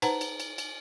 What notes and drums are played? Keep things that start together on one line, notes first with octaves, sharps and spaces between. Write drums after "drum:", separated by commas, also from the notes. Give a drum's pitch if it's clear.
D#4 B4 C5 F#5 A5 A#5, drum: cymbal
drum: cymbal
drum: cymbal
drum: cymbal